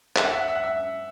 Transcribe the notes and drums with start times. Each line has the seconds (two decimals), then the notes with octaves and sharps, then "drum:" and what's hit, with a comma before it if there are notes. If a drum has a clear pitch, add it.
0.16 E5, drum: clap
0.24 F#5
0.32 E5
0.41 F#5
0.48 E5
0.55 F#5
0.64 E5